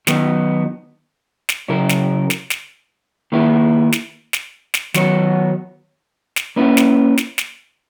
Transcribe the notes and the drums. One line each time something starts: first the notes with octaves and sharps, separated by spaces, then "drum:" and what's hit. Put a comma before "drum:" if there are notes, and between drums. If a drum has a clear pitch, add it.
D#3 F#3 B3 D#4, drum: snare
drum: snare
C#3 F#3 C#4 E4 A#4
drum: snare
drum: snare
drum: snare
D#3 A#3 E4 B4
drum: snare
drum: snare
drum: snare
D#3 F#3 B3 F#4 C#5, drum: snare
drum: snare
A#3 C#4 E4 B4
drum: snare
drum: snare
drum: snare